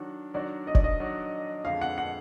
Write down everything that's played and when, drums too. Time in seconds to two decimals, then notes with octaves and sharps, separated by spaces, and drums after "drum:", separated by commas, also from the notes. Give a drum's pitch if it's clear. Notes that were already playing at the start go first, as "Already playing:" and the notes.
Already playing: D#3 F#3 D4 F#4
0.34 D#3 F#3 D4 F#4 D5
0.67 D#5
0.75 D5, drum: kick F#1
0.84 D#5
1.00 D#3 F#3 D4 F#4
1.65 F2 D3 G#3 F5
1.81 F#5
1.98 F#5